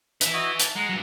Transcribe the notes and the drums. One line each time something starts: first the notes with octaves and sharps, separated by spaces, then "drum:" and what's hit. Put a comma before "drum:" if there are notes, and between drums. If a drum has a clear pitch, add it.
B4 E5, drum: hi-hat
E4 F#4 D#5
A5, drum: hi-hat
G#3 F#5 A#5
G2 F#3